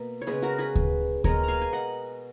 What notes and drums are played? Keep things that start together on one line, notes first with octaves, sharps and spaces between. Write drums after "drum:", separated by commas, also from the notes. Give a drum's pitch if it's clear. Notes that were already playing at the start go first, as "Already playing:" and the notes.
Already playing: B2 A#3
C#5
C#3 G#3 B3 G#4 B4
F#4 A#4
G#4 B4
drum: kick D2
B2 G#3 B3 A#4 C#5, drum: kick D2
F5 G#5 A#5
G#5
D#5 F#5